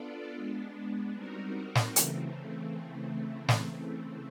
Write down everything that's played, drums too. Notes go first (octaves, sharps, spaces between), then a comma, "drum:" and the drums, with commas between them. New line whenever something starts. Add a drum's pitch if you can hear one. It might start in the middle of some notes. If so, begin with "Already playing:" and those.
Already playing: B3 D4 F4 A4 D5
G#3 B3 D4
G3 C4 D#4 F#4 A#4
drum: snare
C#3 E3 A3 C4, drum: hi-hat
drum: snare